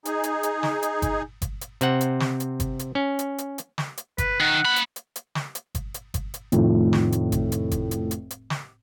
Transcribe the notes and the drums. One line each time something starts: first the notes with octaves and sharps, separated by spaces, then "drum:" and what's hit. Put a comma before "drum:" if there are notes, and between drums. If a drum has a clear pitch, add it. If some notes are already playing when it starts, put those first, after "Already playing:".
D#4 G#4, drum: hi-hat
drum: hi-hat
drum: hi-hat
drum: snare
drum: hi-hat
drum: kick G1, hi-hat
drum: kick G1, hi-hat
drum: hi-hat
C3 C4 F#5, drum: hi-hat
drum: hi-hat
drum: snare
drum: hi-hat
drum: kick G1, hi-hat
drum: hi-hat
C#4
drum: hi-hat
drum: hi-hat
drum: hi-hat
drum: snare
drum: hi-hat
B4, drum: kick G1, hi-hat
D#3 F#5
A#3 B5
drum: hi-hat
drum: hi-hat
drum: hi-hat
drum: snare
drum: hi-hat
drum: kick G1, hi-hat
drum: hi-hat
drum: kick G1, hi-hat
drum: hi-hat
F1 A2 D#3 F3, drum: hi-hat
drum: snare
drum: hi-hat
drum: kick G1, hi-hat
drum: hi-hat
drum: kick G1, hi-hat
drum: hi-hat
drum: hi-hat
drum: hi-hat
drum: snare